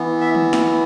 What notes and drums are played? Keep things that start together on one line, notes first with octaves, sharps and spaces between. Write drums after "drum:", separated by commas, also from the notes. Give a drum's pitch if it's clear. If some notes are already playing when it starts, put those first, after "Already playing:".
Already playing: E3 B3
E5
drum: tom
drum: snare